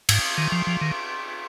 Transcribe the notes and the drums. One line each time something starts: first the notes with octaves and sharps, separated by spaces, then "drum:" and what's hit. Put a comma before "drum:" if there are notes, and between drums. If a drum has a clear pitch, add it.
G#2, drum: cymbal
D#3
F3
F3
D#3